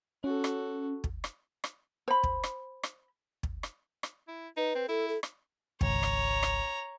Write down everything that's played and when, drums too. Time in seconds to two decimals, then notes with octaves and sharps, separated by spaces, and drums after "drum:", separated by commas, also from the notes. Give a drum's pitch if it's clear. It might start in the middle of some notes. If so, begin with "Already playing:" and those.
0.24 C#4 F#4 A4
0.44 drum: rim click
1.04 drum: kick
1.24 drum: rim click
1.64 drum: rim click
2.08 C5 B5
2.24 drum: kick
2.43 drum: rim click
2.83 drum: rim click
3.43 drum: kick
3.63 drum: rim click
4.03 drum: rim click
4.28 E4
4.57 D#4 B4
4.75 C4
4.89 E4 A4
5.08 A4
5.23 drum: rim click
5.81 G#1 C#2 C#5 A#5, drum: kick
6.03 drum: rim click
6.43 drum: rim click